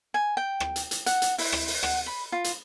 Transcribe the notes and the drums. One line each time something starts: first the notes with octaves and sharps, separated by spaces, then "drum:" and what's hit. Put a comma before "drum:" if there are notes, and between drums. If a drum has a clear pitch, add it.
G#5
G5
drum: rim click
drum: hi-hat
drum: hi-hat
F#5, drum: hi-hat
drum: hi-hat
E4, drum: open hi-hat
drum: rim click
drum: open hi-hat
F#5, drum: rim click
B5
F4
drum: hi-hat